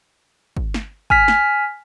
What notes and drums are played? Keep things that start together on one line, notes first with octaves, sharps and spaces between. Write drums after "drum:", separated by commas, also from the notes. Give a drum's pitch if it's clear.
drum: kick
drum: snare
G#5 F6 B6, drum: kick
drum: snare